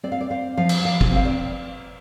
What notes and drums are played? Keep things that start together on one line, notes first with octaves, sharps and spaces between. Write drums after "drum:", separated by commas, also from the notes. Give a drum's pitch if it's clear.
C4 D5
F5
D5
C4 F5
F3 F5
drum: cymbal
F3 F5
drum: kick
C4 F5
D5